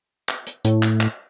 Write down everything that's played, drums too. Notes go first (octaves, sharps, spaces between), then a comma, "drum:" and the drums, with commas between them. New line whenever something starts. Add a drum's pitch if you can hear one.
drum: clap
drum: hi-hat
A2, drum: hi-hat
drum: clap
drum: clap